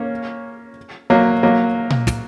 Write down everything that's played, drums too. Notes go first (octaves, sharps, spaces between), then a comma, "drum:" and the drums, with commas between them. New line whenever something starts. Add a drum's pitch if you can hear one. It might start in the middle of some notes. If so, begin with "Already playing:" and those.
Already playing: A#3 C#4
F#3 A#3
F#3 A#3
drum: tom A#2
drum: snare